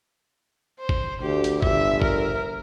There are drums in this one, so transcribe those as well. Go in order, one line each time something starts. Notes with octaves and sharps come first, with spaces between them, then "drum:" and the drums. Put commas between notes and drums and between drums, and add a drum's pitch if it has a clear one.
C5
drum: kick G#1
D2 G4
drum: hi-hat
G1 E5, drum: kick G#1
A#4, drum: kick G#1